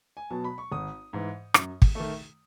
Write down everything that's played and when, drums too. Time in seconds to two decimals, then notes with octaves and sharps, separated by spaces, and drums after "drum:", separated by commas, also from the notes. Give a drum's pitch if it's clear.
0.17 G#5
0.30 B2 F#3 B3 A5
0.44 B5
0.58 C#6
0.72 G#1 D#6
1.13 G#2 E3
1.54 F#2, drum: rim click
1.82 drum: kick
1.95 D#3 A3